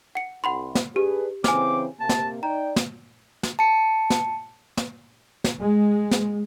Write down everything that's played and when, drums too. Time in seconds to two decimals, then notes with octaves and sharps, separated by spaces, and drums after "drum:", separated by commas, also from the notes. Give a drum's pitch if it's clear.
0.15 F#5 C#7
0.44 C2 F#5 B5 C6
0.75 drum: snare
0.96 D4 G4 G#4 B4
1.44 C#3 E3 C4 G#5 D6 F6, drum: snare
2.00 C3 A#3 A5
2.09 drum: snare
2.43 D#4 D5 G5 A#5
2.76 drum: snare
3.43 drum: snare
3.59 A5 C#7
4.10 drum: snare
4.77 drum: snare
5.44 drum: snare
5.58 G#3
6.11 drum: snare